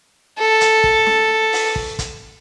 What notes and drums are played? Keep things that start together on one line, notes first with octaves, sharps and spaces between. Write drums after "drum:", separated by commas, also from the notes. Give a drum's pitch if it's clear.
A4
drum: hi-hat
drum: kick
drum: snare
drum: open hi-hat
drum: kick
drum: kick, hi-hat